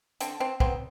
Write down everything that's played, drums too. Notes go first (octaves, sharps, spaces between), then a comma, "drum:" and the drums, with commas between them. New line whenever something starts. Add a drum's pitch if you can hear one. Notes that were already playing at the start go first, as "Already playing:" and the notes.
D3 C4, drum: hi-hat
C4
F#3 B3 C4, drum: kick